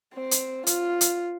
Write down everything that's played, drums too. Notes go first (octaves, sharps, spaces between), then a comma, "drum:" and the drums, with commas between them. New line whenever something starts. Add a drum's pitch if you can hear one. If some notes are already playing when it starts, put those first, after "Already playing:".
C4
drum: hi-hat
F4, drum: hi-hat
drum: hi-hat